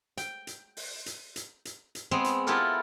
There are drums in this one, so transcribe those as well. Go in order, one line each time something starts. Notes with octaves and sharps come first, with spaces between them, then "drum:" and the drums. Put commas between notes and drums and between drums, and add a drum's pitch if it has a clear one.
G5, drum: hi-hat
drum: hi-hat
drum: open hi-hat
drum: hi-hat
drum: hi-hat
drum: hi-hat
drum: hi-hat
G#3 B3 C4
drum: hi-hat
B3 E4 F4 G4 A4 A#4